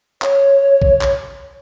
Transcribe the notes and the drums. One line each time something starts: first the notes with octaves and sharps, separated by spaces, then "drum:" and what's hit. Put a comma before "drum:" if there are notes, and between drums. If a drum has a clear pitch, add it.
C#5, drum: clap
drum: kick A#1
drum: clap